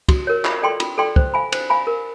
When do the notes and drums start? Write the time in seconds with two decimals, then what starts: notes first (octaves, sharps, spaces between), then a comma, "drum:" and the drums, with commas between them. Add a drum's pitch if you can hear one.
0.09 F#4, drum: kick, cymbal
0.27 A#4 C#5
0.45 F4, drum: clap
0.62 A4 D5 G5 C6
0.80 F4, drum: cymbal
0.98 A4 D5 G5 C6
1.16 C5, drum: kick
1.34 F5 G#5 B5
1.52 C5, drum: cymbal
1.70 F5 G#5 B5
1.87 A#4